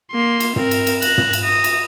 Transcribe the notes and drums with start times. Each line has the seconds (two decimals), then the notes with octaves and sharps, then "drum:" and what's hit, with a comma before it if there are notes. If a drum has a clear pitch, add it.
0.12 A#3 C6
0.40 drum: cymbal
0.56 C4 A#4, drum: tom
0.71 drum: cymbal
0.87 drum: cymbal
1.02 F#6 A#6, drum: cymbal
1.18 drum: tom
1.33 drum: cymbal
1.44 D#6 A#6
1.64 drum: cymbal